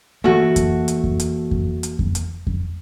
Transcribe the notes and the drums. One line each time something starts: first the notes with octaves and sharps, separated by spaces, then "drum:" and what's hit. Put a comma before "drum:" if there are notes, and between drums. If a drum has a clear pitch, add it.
E3 A3 A#3 F#4
drum: kick F2, hi-hat
drum: hi-hat
drum: kick F2
drum: hi-hat
drum: kick F2
drum: hi-hat
drum: kick F2
drum: hi-hat
drum: kick F2